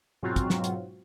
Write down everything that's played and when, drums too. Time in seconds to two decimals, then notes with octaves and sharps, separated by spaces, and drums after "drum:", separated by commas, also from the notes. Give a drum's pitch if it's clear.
0.23 G#2 B2 F#3 C4 F4 F#4
0.36 drum: kick, hi-hat
0.50 drum: snare
0.64 drum: hi-hat